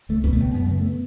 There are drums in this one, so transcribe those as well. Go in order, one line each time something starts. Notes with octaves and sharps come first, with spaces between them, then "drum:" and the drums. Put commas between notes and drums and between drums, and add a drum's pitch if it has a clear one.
C#2 A3
B2 B3, drum: kick C2
A3
C#2 B3
F#2 B3
A3
C#3 B3
A3
B3